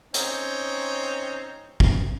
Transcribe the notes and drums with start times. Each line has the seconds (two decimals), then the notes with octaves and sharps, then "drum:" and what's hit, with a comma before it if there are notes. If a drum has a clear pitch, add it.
0.14 C4 C#4 D#4, drum: hi-hat
1.80 drum: kick